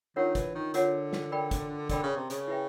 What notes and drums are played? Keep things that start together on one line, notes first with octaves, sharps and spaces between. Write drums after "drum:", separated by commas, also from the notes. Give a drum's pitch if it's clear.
D#3 D4 F4 A#4 C#5 F#5
E3, drum: kick, hi-hat
D#3
D3 D4 F4 A#4 C#5 F#5, drum: hi-hat
drum: snare
A#4 D5 G5 B5
drum: kick, hi-hat
D3 A#4 D5 G5 B5, drum: kick, hi-hat
C#3
C3
C#3, drum: hi-hat
E4 G#4 B4 E5 G5